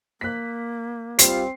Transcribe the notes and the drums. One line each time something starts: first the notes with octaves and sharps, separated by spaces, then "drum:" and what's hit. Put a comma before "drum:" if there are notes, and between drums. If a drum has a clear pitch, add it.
A#3 F#6 B6
G3 C4 F4 C7, drum: hi-hat